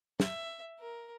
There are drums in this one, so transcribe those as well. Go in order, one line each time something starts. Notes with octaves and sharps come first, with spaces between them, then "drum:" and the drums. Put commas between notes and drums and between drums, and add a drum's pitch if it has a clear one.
E5, drum: snare
A#4